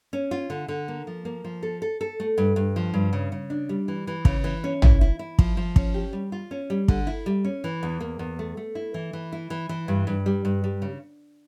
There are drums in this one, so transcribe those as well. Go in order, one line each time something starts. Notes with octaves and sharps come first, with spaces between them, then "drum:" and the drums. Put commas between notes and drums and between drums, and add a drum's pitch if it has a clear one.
C#4
F4
D3
D3
A#3
F3
A#3
F3
A4
A4
A4
A3
G2
G2
F3
G2
C#3
C#3
D4
G3
E3
E3
C#3, drum: kick
E3
C#4
E4, drum: tom
E4
E4
F3, drum: kick
F3
C#4, drum: kick
G4
G3
F4
C#4
G3
D3, drum: kick
E4
G3
C#4
E3
E2
A#3
E2
A3
A3
E4
E3
E3
E4
E3
E3
G2
G2
G3
G2
G3
C#3